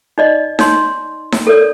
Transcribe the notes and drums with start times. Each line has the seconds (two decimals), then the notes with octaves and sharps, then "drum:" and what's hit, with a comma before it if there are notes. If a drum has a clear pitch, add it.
0.18 D#4 D5 D#5
0.59 D#4 C#5 C6, drum: snare D#4
1.32 drum: snare D#4
1.47 A4 A#4 C#5 D5